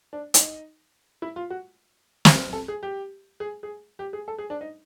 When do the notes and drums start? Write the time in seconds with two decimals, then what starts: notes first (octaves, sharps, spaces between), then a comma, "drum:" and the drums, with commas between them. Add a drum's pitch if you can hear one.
0.13 D4
0.34 D#4, drum: hi-hat
1.22 E4
1.36 F4
1.50 F#4
2.25 drum: snare
2.53 A4
2.68 G#4
2.83 G4
3.40 G#4
3.63 G#4
3.99 G4
4.13 G#4
4.28 A4
4.38 G#4
4.50 D4
4.61 D#4